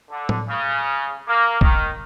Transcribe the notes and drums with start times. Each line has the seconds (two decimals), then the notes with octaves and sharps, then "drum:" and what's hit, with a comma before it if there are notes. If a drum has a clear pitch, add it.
0.10 D3
0.29 drum: tom A2
0.48 C#3
1.28 A#3
1.61 D#3, drum: kick